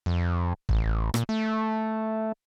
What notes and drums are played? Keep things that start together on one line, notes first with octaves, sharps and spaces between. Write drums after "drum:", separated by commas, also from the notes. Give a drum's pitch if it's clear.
F2
A1, drum: kick
A#2, drum: rim click
A3